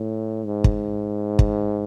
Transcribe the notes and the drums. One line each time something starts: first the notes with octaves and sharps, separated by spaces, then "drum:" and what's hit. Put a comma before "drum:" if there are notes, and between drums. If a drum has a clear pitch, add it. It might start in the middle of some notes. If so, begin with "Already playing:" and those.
Already playing: A2
G#2
drum: kick
drum: kick